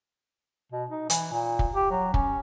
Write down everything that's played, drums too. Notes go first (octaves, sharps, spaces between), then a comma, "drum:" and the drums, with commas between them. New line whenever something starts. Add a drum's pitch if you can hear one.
B2
D#4
E3, drum: hi-hat
A#2
drum: kick
G4
F#3
C#4, drum: kick